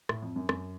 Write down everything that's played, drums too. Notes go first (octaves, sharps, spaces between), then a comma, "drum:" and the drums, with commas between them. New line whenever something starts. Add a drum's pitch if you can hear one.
A2, drum: rim click
F2
F#2
F#2, drum: rim click